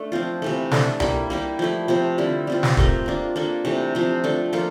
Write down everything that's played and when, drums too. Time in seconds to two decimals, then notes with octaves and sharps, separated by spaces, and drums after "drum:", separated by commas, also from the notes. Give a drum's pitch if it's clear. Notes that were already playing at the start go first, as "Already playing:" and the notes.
Already playing: A3 D4
0.12 F3 C4 F4
0.42 C3 E3 A3
0.71 A3 D4 A4, drum: snare
1.00 G3 A#3 E4, drum: tom C2
1.30 G3 A#3 E4 G4
1.59 F3 A3 E4
1.88 C3 F3 C4
2.18 D3 G3 C4 E4
2.47 G3 C4 F4
2.63 drum: snare
2.77 A3 C4 G4 A#4, drum: kick
3.06 A#3 D4 F4
3.36 A#3 D4 A4
3.65 C3 E3 A3
3.95 C3 F3 C4
4.24 A3 D4 A4
4.53 F3 A#3 F4 A4